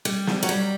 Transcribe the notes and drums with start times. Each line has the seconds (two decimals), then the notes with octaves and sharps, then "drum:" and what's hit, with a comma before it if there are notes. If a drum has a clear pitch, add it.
0.05 G3
0.27 drum: snare
0.43 F#3
0.49 G3